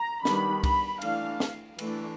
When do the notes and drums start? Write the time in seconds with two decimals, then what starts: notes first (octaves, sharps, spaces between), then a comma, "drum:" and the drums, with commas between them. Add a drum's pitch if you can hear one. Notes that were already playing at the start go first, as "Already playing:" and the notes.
Already playing: A#5
0.25 D#3 G3 B3 D4 B5, drum: snare
0.63 B5, drum: kick C2, cymbal
1.02 E3 A3 D4 F5, drum: cymbal
1.40 drum: snare
1.79 E3 A3 D4, drum: cymbal